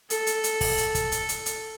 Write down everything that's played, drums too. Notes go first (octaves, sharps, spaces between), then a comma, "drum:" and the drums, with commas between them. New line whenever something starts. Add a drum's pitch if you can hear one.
A4, drum: hi-hat
drum: hi-hat
drum: hi-hat
drum: kick, open hi-hat
drum: hi-hat
drum: kick, hi-hat
drum: hi-hat
drum: hi-hat
drum: hi-hat